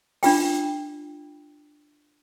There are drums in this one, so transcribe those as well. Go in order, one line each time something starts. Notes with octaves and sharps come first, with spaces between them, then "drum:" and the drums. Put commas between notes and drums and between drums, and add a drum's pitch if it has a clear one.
D4 F4 G5, drum: open hi-hat